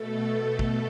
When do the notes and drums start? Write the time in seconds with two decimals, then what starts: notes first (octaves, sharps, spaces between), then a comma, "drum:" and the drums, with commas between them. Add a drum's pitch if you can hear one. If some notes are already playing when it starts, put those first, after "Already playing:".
Already playing: B2 A3 A4
0.59 drum: kick